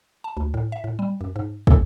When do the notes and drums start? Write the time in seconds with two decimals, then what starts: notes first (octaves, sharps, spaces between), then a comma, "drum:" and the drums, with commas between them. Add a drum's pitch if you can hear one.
0.24 A5
0.37 D2
0.54 A2
0.72 E5
0.84 A2
0.99 G3
1.21 F#2
1.36 G#2
1.67 A4, drum: kick